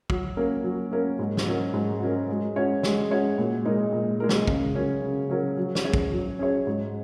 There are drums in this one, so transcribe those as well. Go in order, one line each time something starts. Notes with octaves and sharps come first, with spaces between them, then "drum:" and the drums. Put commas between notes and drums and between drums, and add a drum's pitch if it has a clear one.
F#3, drum: kick
A#3 C#4 A#4
F#3
A#3 C#4 A#4
G#2
drum: snare
F#3 C#4 A#4
G#2
F#3 C#4 A#4
G#3
C#4 F#4 C#5
G#3, drum: snare
C#4 F#4 C#5
A#2
G#3 D#4 A#4
A#2
G#3 D#4 A#4
drum: snare
C#3, drum: kick
F#3 C#4 A#4
C#3
F#3 C#4 A#4
F#3
drum: snare
C#4 G#4 C#5
drum: kick
F#3
C#4 G#4 C#5
G#2